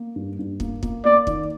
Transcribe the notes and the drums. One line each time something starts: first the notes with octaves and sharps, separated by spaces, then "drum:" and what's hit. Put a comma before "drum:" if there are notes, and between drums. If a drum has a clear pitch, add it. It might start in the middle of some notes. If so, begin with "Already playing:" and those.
Already playing: A#3
G2
G2
A#3, drum: kick
A#3, drum: kick
A#3 D5
D#3, drum: kick